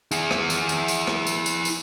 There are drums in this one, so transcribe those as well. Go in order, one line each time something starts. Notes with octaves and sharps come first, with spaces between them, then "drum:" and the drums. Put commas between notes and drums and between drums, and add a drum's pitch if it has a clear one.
E4 G#4, drum: tambourine
drum: rim click
drum: tambourine
drum: tambourine
drum: tambourine
drum: rim click
drum: tambourine
drum: tambourine
drum: tambourine